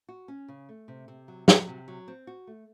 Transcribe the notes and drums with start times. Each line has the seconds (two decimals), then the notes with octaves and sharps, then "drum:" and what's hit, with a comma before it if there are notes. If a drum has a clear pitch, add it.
0.09 F#4
0.28 C#4
0.48 C#3
0.69 A3
0.88 C3
1.08 C3
1.28 F#3
1.48 F#3, drum: snare
1.68 C3
1.88 F#3
2.08 C4
2.27 F#4
2.47 A3